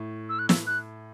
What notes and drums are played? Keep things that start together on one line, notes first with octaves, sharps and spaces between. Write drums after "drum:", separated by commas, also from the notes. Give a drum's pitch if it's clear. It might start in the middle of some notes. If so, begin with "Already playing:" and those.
Already playing: A2
E6
F#6
E6, drum: snare
F#6